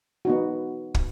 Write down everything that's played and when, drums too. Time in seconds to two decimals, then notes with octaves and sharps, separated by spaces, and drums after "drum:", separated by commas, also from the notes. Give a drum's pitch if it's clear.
0.25 B3 D#4 F#4
0.95 drum: kick